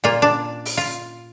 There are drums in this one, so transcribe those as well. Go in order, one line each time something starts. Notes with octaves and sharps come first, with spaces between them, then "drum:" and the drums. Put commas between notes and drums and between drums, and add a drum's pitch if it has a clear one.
A#2 A#3 F4
D4
drum: open hi-hat
F4